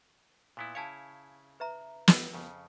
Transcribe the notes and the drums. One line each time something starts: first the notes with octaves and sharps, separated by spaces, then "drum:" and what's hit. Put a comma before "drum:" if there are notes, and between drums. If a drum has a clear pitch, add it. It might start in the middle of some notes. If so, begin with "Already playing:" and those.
A#2 B3 E4
C#3 E4 C#5 F5 G#5 A5
B4 E5 A#5
drum: snare
F2 C#3